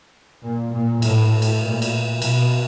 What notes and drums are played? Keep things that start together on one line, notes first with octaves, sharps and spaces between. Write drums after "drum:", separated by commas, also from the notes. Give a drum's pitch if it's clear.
A#2
A#2
A2, drum: cymbal
drum: cymbal
A#2
drum: cymbal
B2, drum: cymbal